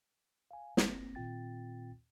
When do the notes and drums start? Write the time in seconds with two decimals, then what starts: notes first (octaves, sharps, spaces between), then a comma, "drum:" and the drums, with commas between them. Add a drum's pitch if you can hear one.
0.51 F5 G#5
0.77 G1 A#3 C4 A#6, drum: snare
1.15 A#2 D#3 C4 F4 G5 A6